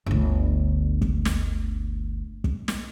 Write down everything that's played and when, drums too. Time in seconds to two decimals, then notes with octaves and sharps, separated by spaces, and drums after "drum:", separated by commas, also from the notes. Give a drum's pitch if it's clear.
0.06 G1 D2
1.02 drum: kick
1.25 drum: snare
2.44 drum: kick
2.68 drum: snare